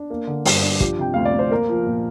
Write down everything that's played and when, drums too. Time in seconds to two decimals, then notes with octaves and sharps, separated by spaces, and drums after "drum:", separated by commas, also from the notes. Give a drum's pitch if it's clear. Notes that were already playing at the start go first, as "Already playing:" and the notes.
Already playing: D4
0.10 A#3
0.27 D3
0.45 G2, drum: open hi-hat
0.62 D4
0.80 F3 G4, drum: kick
0.99 C3 G5
1.14 D2 F5
1.25 D5
1.34 D2
1.39 C5
1.51 A#3 A#4
1.69 F3
1.87 A#2